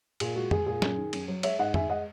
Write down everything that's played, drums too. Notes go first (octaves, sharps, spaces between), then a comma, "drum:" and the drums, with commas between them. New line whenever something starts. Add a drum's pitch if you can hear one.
A#2 G#4, drum: cymbal
G#3 F#4
G#3 G#4, drum: tom F2
A#2 G#4
F#2, drum: snare
D#3
F#2, drum: cymbal
F#3
G#3 C#5 E5, drum: cymbal
G#2 D#5 F#5
G#3 E5 G#5, drum: tom F2
D#5 F#5